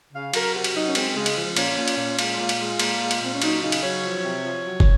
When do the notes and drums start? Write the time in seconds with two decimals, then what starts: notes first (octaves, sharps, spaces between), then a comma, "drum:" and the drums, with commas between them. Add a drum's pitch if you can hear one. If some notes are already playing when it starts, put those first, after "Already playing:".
0.13 C#3 F5
0.33 F#3 A#4, drum: cymbal
0.54 C3 F#4
0.64 drum: cymbal
0.74 F#3 D#4
0.87 C#4
0.95 G#3 C4, drum: cymbal
1.15 C#3 G#3
1.26 drum: cymbal
1.36 F3
1.56 A#2 C#4, drum: cymbal
1.77 A#2
1.88 drum: cymbal
1.98 A#2
2.19 G#3 F4, drum: cymbal
2.39 A#2
2.49 drum: cymbal
2.59 G#3
2.79 A#2, drum: cymbal
3.00 G#3
3.11 drum: cymbal
3.21 A#2 C4
3.33 C#4
3.42 F#3 D#4, drum: cymbal
3.62 C#3 D#4
3.72 drum: cymbal
3.82 F#3 C#5
4.03 F3
4.23 C3
4.44 F3
4.65 F#3
4.80 drum: kick